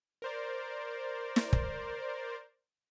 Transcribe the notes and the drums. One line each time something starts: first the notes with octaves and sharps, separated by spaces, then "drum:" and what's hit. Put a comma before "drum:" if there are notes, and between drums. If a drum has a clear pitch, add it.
A#4 C5 D5
drum: snare
drum: kick